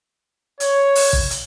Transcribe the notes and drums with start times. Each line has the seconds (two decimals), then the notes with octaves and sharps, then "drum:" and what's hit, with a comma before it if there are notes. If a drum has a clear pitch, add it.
0.60 C#5, drum: hi-hat
0.95 drum: open hi-hat
1.13 drum: kick
1.30 drum: hi-hat